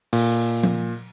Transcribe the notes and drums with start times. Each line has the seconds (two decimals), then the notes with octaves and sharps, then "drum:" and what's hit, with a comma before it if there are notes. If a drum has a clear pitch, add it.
0.13 A#2, drum: cymbal
0.63 drum: tom F3